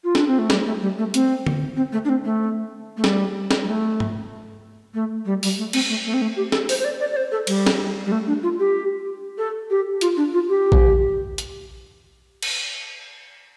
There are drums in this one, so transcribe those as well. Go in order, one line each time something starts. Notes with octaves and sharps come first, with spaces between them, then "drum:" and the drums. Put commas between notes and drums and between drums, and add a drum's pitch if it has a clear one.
F4
D4, drum: snare
C4
A3
G3, drum: snare
A3
G3
A3
C4, drum: hi-hat
drum: tom D3
C4
A3
D4
C4
A3
A3
G3, drum: snare
drum: snare
G3
A3
drum: tom G#2
A3
G3
G3, drum: open hi-hat
A3
C4, drum: cymbal
A3
A3
C4
A3
G4
A4, drum: snare
C5, drum: open hi-hat
C5
D5
D5
D5
C5
A4
G3, drum: cymbal
drum: snare
G3
A3
D4
F4
G4
A4
G4
F4, drum: hi-hat
D4
F4
G4
drum: kick A#1
drum: hi-hat
drum: cymbal